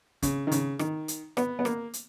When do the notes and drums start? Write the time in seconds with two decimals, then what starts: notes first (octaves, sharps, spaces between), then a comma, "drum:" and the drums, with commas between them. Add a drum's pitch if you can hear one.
0.22 C#3, drum: kick, hi-hat
0.47 D#3
0.52 C#3, drum: hi-hat
0.79 D#3, drum: rim click
1.08 drum: hi-hat
1.37 B3, drum: rim click
1.59 B3
1.65 A#3, drum: rim click
1.94 drum: hi-hat